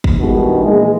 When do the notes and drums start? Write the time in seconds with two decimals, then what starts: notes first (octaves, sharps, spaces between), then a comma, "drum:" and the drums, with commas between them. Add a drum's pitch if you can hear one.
0.04 drum: kick
0.19 G2 B2 D#3 E3 G#3
0.63 A#1 E3 G#3